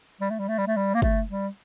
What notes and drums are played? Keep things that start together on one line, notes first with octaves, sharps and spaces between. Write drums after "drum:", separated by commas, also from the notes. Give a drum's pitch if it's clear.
G3
A3
G3
A3
G3
A3
G3
A#3
A3, drum: kick
G3